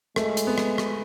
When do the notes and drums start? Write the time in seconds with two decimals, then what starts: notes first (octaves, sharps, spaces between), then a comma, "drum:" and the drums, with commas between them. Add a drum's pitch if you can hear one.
0.16 G#3 A3, drum: rim click
0.37 drum: hi-hat
0.47 B3
0.58 drum: rim click
0.78 drum: rim click